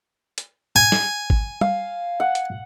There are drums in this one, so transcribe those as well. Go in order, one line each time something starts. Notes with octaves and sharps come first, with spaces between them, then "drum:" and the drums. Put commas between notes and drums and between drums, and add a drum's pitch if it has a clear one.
drum: hi-hat
G#5
drum: snare
drum: kick G#1
F5, drum: tom
F#5
drum: hi-hat